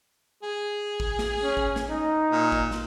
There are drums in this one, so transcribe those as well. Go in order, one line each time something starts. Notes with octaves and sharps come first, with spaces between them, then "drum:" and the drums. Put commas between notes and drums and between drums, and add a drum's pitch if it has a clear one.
G#4
drum: kick
drum: snare
C#4
drum: kick
drum: snare
D#4
A#2
drum: kick
drum: snare